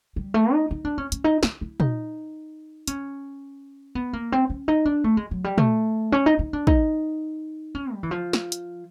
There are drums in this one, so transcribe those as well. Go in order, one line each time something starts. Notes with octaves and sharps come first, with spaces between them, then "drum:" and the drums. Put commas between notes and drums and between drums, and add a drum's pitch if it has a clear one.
G3
A3
D#4
D#4
D4
C#4
C#4, drum: hi-hat
D#4
E4, drum: snare
E4
D#4, drum: tom
C#4, drum: hi-hat
B3
A#3
C4
C#4
D#4
D4
A3
G#3
F#3
G3
A3, drum: tom
C#4
D#4
D#4
D4
D#4, drum: kick
C#4
G3
E3
F3
drum: snare
drum: hi-hat